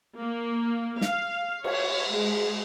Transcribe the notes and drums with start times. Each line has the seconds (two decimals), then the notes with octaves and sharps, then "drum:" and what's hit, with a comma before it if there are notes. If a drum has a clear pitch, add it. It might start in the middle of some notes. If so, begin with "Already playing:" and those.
0.18 A#3
1.01 F5, drum: snare
1.64 C#5, drum: cymbal
2.10 G#3